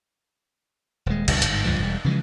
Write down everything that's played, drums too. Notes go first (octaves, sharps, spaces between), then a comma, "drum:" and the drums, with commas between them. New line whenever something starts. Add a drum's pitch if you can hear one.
D#1 G#3
E1 C#2 B2 G3, drum: cymbal
G1 G#2, drum: hi-hat
C#2 G2 F3
E1 G3
C#3 E3 F3 G#3